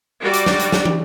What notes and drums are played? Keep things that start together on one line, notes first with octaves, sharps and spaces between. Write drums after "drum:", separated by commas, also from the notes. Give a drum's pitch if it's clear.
G3 F#4 D5
drum: hi-hat
drum: snare
drum: hi-hat
drum: snare
drum: tom